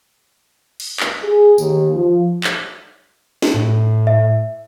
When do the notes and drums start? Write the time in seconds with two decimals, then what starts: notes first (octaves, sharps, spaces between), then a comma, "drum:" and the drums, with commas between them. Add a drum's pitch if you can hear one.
0.80 drum: cymbal
1.00 drum: clap
1.23 G#4
1.58 D#2, drum: tambourine
1.94 F3
2.44 drum: clap
3.42 drum: snare
3.54 A2
4.07 E5